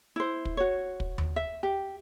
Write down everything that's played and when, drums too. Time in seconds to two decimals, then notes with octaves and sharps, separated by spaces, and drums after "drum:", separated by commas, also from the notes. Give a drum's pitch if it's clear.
0.16 E4 C5
0.45 drum: kick
0.57 F#4 C#5
1.00 drum: kick
1.18 drum: tom D#2
1.36 E5
1.63 G4